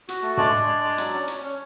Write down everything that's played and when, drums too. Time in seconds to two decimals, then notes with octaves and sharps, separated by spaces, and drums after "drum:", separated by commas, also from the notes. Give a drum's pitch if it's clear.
0.09 F#4, drum: hi-hat
0.22 A3
0.37 G#3 D4 D5, drum: tom
0.53 G#3
0.67 G#3
0.83 G#3
0.98 F#3, drum: hi-hat
1.13 C#4
1.28 C#4, drum: hi-hat
1.43 C#4